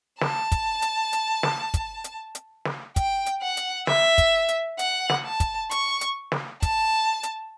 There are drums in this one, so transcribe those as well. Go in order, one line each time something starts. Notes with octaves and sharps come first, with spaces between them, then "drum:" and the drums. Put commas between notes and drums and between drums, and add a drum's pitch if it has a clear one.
A5, drum: snare
drum: kick, hi-hat
drum: hi-hat
drum: hi-hat
drum: snare
drum: kick, hi-hat
drum: hi-hat
drum: hi-hat
drum: snare
G5, drum: kick, hi-hat
drum: hi-hat
F#5
drum: hi-hat
E5, drum: snare
drum: kick, hi-hat
drum: hi-hat
F#5, drum: hi-hat
drum: snare
A5
drum: kick, hi-hat
C#6, drum: hi-hat
drum: hi-hat
drum: snare
A5, drum: kick, hi-hat
drum: hi-hat